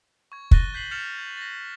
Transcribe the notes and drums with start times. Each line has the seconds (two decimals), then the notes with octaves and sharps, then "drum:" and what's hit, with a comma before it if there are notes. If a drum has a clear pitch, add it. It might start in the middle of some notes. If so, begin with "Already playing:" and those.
0.32 C#6 G#6
0.51 C#6 F#6 A6 A#6 D#7 G7, drum: kick
0.74 G6 B6 C7 F#7
0.91 F6 G6 A6 C#7 E7 F7
1.19 G6
1.37 A6 A#6